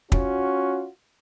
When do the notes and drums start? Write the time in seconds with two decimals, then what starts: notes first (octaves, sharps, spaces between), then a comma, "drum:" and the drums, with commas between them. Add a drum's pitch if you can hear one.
0.12 C#4 F4 F#4, drum: kick